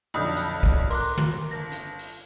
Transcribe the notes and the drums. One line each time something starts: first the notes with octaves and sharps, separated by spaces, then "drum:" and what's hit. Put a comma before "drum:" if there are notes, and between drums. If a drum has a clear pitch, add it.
B1 F2 D3 B5 D#6 G6
drum: hi-hat
drum: kick
A#4 C6 D6 F#6, drum: open hi-hat
drum: tom
G1 A#6
drum: hi-hat
drum: open hi-hat